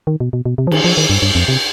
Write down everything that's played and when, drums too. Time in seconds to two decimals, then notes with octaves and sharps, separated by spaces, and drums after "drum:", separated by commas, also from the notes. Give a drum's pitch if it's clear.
0.07 D#3
0.20 B2
0.33 B2
0.45 B2
0.58 C3
0.67 F3
0.71 D#3, drum: cymbal
0.84 F3
0.97 D#3
1.10 G2
1.22 G2
1.35 F2
1.48 C3